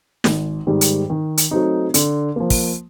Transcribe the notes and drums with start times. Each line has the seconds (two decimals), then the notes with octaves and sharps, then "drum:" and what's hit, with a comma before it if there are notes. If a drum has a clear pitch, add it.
0.24 G#1, drum: snare
0.67 G#2 D#3 G3
0.81 drum: hi-hat
1.10 D#3
1.37 drum: hi-hat
1.51 F#3 A3 C4 D#4
1.94 D3, drum: hi-hat
2.36 F3 A#3
2.50 drum: kick, open hi-hat